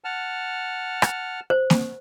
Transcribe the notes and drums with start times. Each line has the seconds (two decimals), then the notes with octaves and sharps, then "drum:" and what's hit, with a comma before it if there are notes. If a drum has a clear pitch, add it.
0.04 F#5 A5 F6
1.02 drum: rim click
1.50 C5
1.70 drum: snare A#3